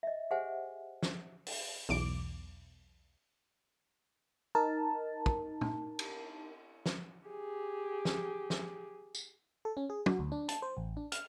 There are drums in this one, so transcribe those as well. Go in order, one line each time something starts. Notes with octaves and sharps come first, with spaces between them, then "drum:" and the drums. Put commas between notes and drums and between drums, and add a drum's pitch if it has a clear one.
D#5 E5
G4 G#4 C5 E5 F#5 G#5
drum: snare
drum: open hi-hat
B1 E2 D6 D7
D#4 A#4 A5
drum: kick
drum: tom
drum: cymbal
drum: snare
G4 G#4
drum: snare
drum: snare
drum: tambourine
A4
C#4
G#4
F#4, drum: tom
D2
D4
A5, drum: hi-hat
C5
A1
D4
F6, drum: hi-hat